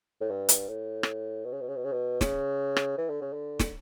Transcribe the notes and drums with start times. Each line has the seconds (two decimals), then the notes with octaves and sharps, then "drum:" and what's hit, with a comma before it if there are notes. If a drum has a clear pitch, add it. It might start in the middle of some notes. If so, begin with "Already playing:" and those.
0.21 A2
0.30 G2
0.49 drum: hi-hat
0.68 A2
1.03 drum: rim click
1.44 B2
1.53 C#3
1.61 B2
1.68 C#3
1.76 B2
1.85 C#3
1.92 B2
2.21 C#3, drum: snare
2.76 drum: rim click
2.98 E3
3.09 D3
3.21 C#3
3.33 D3
3.59 drum: snare